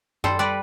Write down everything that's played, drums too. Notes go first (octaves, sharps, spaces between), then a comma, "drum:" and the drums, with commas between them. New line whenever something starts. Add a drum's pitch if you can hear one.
G3 A4 C5, drum: tom F#2
G3 B4 D5